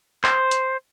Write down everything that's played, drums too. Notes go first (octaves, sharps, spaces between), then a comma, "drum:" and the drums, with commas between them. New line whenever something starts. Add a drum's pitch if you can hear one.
C5, drum: clap
drum: hi-hat